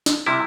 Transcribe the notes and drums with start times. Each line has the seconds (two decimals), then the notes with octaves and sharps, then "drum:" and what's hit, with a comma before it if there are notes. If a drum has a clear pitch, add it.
0.06 drum: snare
0.26 C3 G3 E4